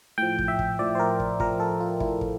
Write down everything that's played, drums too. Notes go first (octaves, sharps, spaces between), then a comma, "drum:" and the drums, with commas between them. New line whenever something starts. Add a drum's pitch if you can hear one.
A2 F3 G5
drum: kick
E5
drum: kick
A2 F3 D5
C5
A#4
drum: kick
A2 F3 A#4, drum: kick
A4
F4
A2 F3 E4, drum: kick
drum: kick